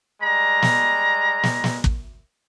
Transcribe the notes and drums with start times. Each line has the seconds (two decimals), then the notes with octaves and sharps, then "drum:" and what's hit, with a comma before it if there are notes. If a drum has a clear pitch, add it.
0.22 G3 G#3 A#5
0.62 drum: snare
1.43 drum: snare
1.64 drum: snare
1.84 drum: kick